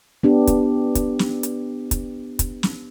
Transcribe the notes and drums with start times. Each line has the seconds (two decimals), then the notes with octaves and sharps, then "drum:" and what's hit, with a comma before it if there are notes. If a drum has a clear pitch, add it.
0.23 B3 D4 G4
0.47 drum: kick, hi-hat
0.95 drum: kick, hi-hat
1.19 drum: snare
1.43 drum: hi-hat
1.91 drum: kick, hi-hat
2.39 drum: kick, hi-hat
2.63 drum: snare